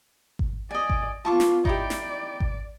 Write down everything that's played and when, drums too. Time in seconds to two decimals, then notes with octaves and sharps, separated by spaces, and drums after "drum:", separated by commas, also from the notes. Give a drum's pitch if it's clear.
0.39 drum: kick G#1
0.71 D5 D#5 G#5
0.90 drum: kick G#1
1.25 B3 F4 A5 C#6 D6
1.40 drum: snare
1.65 D#4 E4 G4 D5, drum: kick G#1
1.90 drum: snare
2.40 drum: kick G#1